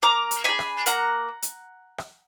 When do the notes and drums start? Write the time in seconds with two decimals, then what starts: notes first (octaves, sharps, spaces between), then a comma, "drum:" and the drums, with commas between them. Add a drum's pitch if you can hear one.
0.02 A#3 A#5 D6
0.31 drum: hi-hat
0.44 D4 G#4 G#5 B5
0.59 drum: rim click
0.86 A#3 F#5 A#5, drum: hi-hat
1.42 drum: hi-hat
1.98 drum: rim click